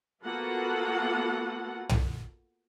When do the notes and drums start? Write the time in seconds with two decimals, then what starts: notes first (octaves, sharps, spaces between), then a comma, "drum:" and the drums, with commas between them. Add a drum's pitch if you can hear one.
0.23 A#3 B3 F4 F#4 A4 F#5
1.89 drum: tom